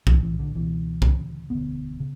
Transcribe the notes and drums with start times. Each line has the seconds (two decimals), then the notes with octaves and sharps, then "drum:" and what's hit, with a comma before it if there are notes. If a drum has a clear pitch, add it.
0.07 B1 A2 E3, drum: kick
0.22 E3
0.39 D3
0.55 C#2 B2 E3
1.02 D2 C#3, drum: kick
1.50 E1 D2 D3 B3
2.00 C#3